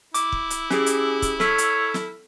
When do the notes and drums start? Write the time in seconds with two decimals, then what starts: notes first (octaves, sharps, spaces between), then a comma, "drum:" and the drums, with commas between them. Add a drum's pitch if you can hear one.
0.14 E4 D6, drum: hi-hat
0.32 drum: kick
0.50 drum: hi-hat
0.70 C#4 G4 G#4, drum: snare
0.86 drum: hi-hat
1.22 drum: kick, hi-hat
1.40 A4 C#5 F6 B6, drum: snare
1.58 drum: hi-hat
1.94 drum: snare